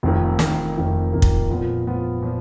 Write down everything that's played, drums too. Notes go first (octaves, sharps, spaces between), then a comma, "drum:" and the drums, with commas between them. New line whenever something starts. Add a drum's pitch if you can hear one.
F1 F2 D#3 A#3
F1 F2 D#3 A#3, drum: snare
F1 F2 D#3 A#3
F1 F2 D#3 A#3
drum: kick
A#2 F3 B3 F4
A#2 F3 B3 F4
A#2 F3